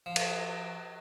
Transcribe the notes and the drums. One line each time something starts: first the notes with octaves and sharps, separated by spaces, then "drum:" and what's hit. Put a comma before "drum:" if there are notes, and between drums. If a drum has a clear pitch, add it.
F3
drum: cymbal